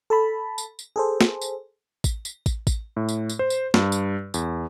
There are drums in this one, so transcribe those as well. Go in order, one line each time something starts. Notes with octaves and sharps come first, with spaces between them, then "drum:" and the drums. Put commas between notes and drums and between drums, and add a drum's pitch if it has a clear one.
A4 A5 B5
drum: tambourine
drum: tambourine
G#4 A4 C5
drum: snare
drum: tambourine
drum: kick, tambourine
drum: tambourine
drum: kick, tambourine
drum: kick, tambourine
A2
drum: tambourine
drum: tambourine
C5
drum: tambourine
G2, drum: snare
drum: tambourine
E2, drum: tambourine